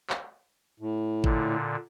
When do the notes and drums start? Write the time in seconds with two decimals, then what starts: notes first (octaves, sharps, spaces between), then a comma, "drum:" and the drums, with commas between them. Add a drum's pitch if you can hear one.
0.10 drum: clap
0.80 A2
1.24 A#2 D3, drum: kick G#1